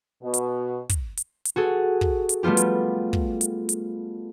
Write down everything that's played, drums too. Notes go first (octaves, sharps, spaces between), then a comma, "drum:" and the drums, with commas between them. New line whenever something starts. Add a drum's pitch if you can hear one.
B2
drum: hi-hat
drum: kick, hi-hat
drum: hi-hat
drum: hi-hat
F#4 G#4 A4
drum: kick
drum: hi-hat
G3 A3 B3 F4 G4
drum: hi-hat
drum: kick
drum: hi-hat
drum: hi-hat